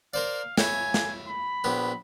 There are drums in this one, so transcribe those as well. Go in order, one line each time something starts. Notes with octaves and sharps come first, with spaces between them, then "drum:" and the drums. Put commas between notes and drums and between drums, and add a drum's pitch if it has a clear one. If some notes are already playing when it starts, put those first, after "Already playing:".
A#4 C5 D5 F5
E4 C#5 F5 G#5, drum: snare
drum: snare
B5
A#1 B3 G4